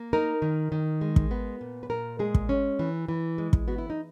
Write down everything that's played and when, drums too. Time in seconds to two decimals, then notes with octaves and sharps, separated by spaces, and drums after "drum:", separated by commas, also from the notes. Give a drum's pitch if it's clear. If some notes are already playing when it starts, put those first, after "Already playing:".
Already playing: A#3
0.13 D#4 A#4
0.42 D#3
0.72 D#3
1.01 G#3
1.16 drum: kick
1.31 B3
1.61 A#2
1.83 B4
1.90 A#2 A#4
2.19 G#3 G#4
2.35 drum: kick
2.49 C#4
2.79 E3
3.08 E3
3.38 G#3
3.53 drum: kick
3.68 B3 F#4
3.78 E4
3.90 D#4